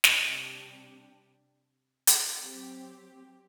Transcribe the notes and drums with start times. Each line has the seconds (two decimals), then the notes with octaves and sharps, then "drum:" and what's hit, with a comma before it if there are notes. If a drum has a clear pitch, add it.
0.04 drum: snare
0.22 C3 G3 D4 G4
2.07 drum: hi-hat
2.39 F#3 C4 G4